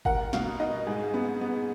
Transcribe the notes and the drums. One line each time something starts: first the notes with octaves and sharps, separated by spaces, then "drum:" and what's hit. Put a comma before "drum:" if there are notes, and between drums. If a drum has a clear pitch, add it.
A#4 F#5, drum: kick G1
B2 F5, drum: snare
D#4 D#5
G#2 G#4
B3
B3